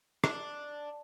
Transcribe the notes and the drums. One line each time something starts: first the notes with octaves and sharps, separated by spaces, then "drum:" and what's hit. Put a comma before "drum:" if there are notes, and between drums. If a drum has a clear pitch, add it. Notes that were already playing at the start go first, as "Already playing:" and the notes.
D4, drum: rim click